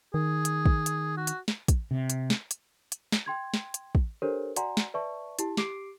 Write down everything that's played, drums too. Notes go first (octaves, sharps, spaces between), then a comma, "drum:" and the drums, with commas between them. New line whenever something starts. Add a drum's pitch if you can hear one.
D#3 G#4
drum: hi-hat
drum: kick
drum: hi-hat
F#4
drum: hi-hat
drum: snare
drum: kick, hi-hat
C3
drum: hi-hat
drum: snare
drum: hi-hat
drum: hi-hat
drum: snare
G5 C6 G#6
drum: snare
drum: hi-hat
drum: kick
D4 G4 A4 A#4 C5 C#5
F#4 D5 F#5 G#5 A#5 C6, drum: hi-hat
drum: snare
B4 D5 E5 A5 C#6
E4 G4 A5, drum: hi-hat
G4 D6 C7 D7, drum: snare